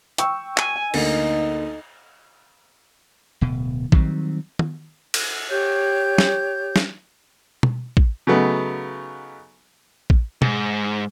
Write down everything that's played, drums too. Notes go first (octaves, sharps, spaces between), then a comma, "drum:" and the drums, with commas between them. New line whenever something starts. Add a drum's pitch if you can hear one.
G5 C#6 E6, drum: hi-hat
G#5, drum: clap
D2 A#3 D#4, drum: cymbal
D1 B2
D#3 F#3 G3 C4, drum: kick
drum: tom
drum: cymbal
G4 C#5 G6
drum: snare
drum: snare
drum: tom
drum: kick
C#3 F#3 A3 B3 D#4
drum: kick
G#2, drum: tom